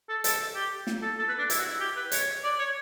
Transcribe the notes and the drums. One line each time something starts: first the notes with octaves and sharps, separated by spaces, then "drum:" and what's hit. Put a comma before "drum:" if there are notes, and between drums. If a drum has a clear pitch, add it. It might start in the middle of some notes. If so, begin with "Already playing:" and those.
A4
A4, drum: hi-hat
G4
drum: snare
A4
A4
B4
D4
E4, drum: hi-hat
F#4
E4
G4
B4
C#5, drum: hi-hat
D5
C#5